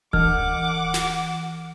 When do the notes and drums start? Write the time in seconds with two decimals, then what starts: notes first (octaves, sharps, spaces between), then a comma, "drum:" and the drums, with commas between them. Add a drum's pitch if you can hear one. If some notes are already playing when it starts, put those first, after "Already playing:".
0.13 E3 F#5 D6 F6, drum: kick D1
0.94 drum: snare